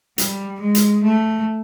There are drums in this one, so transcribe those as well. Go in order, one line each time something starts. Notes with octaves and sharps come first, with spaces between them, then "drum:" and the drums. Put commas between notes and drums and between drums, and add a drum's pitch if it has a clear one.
G3, drum: hi-hat
G#3
drum: hi-hat
A3